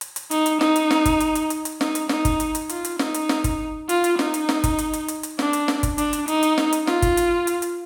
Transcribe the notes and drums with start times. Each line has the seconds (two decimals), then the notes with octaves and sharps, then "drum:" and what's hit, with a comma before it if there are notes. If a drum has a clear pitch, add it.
0.01 drum: hi-hat
0.16 drum: hi-hat
0.31 D#4, drum: hi-hat
0.46 drum: hi-hat
0.61 D#4, drum: snare
0.76 drum: hi-hat
0.91 drum: snare
1.05 drum: kick G1, hi-hat
1.20 drum: hi-hat
1.35 drum: hi-hat
1.50 drum: hi-hat
1.65 drum: hi-hat
1.81 D#4, drum: snare
1.95 drum: hi-hat
2.09 D#4, drum: snare
2.25 drum: kick G1, hi-hat
2.40 drum: hi-hat
2.55 drum: hi-hat
2.69 F4, drum: hi-hat
2.85 drum: hi-hat
2.99 D#4, drum: snare
3.14 drum: hi-hat
3.29 drum: snare
3.44 drum: kick G1, hi-hat
3.89 F4, drum: hi-hat
4.04 drum: hi-hat
4.19 D#4, drum: snare
4.34 drum: hi-hat
4.49 drum: snare
4.64 drum: kick G1, hi-hat
4.79 drum: hi-hat
4.93 drum: hi-hat
5.08 drum: hi-hat
5.23 drum: hi-hat
5.39 D4, drum: snare
5.53 drum: hi-hat
5.68 drum: snare
5.83 drum: kick G1, hi-hat
5.98 D4, drum: hi-hat
6.13 drum: hi-hat
6.28 D#4, drum: hi-hat
6.43 drum: hi-hat
6.58 drum: snare
6.73 drum: hi-hat
6.87 F4, drum: snare
7.02 drum: kick G1, hi-hat
7.17 drum: hi-hat
7.47 drum: hi-hat
7.62 drum: hi-hat